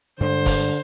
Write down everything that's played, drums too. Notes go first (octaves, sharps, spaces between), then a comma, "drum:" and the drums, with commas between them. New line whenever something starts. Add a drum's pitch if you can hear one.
G2 D3 G#3 C5
drum: kick F#1, open hi-hat